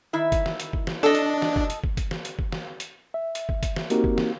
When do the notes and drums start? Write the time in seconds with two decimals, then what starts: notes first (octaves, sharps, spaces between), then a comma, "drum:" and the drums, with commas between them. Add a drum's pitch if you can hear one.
0.13 D#3 E4 E5
0.32 drum: kick, hi-hat
0.46 drum: snare
0.60 drum: hi-hat
0.73 drum: kick
0.87 drum: snare
1.03 D4 A4 D#5
1.15 drum: hi-hat
1.42 drum: snare
1.56 drum: kick
1.70 drum: hi-hat
1.84 drum: kick
1.97 drum: kick, hi-hat
2.11 drum: snare
2.25 drum: hi-hat
2.39 drum: kick
2.52 drum: snare
2.80 drum: hi-hat
3.14 E5
3.35 drum: hi-hat
3.49 drum: kick
3.63 drum: kick, hi-hat
3.76 drum: snare
3.90 A#3 C4 D#4 F#4 G4 A#4, drum: hi-hat
4.04 drum: kick
4.18 drum: snare